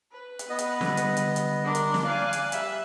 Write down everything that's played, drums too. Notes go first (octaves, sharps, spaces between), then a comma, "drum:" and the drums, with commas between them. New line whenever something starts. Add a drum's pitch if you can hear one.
B4
drum: hi-hat
B3 D#5
drum: hi-hat
D3 G3, drum: snare
drum: hi-hat
drum: hi-hat
drum: hi-hat
D4 A#4 C6
drum: hi-hat
drum: snare
D5 F5 G#5 F#6
drum: hi-hat
G3 E5 F#6, drum: hi-hat